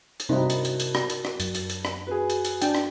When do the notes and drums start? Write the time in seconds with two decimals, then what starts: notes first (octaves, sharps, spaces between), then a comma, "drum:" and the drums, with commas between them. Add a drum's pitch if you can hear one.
0.20 drum: hi-hat
0.29 G2 C3 C4 D#4 E4 F#4 A#4
0.50 drum: hi-hat
0.65 drum: hi-hat
0.80 drum: hi-hat
0.95 drum: rim click
1.10 drum: hi-hat
1.25 drum: rim click
1.40 F#2, drum: hi-hat
1.55 drum: hi-hat
1.70 drum: hi-hat
1.85 drum: rim click
2.07 F#4 G#4 B4
2.30 drum: hi-hat
2.45 drum: hi-hat
2.62 D4 G5, drum: hi-hat
2.75 drum: rim click